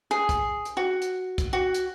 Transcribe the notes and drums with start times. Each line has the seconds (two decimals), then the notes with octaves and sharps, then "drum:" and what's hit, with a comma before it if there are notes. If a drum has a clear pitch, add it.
0.11 G#4
0.29 drum: kick, hi-hat
0.65 drum: hi-hat
0.77 F#4
1.02 drum: hi-hat
1.38 drum: kick, hi-hat
1.53 F#4
1.74 drum: hi-hat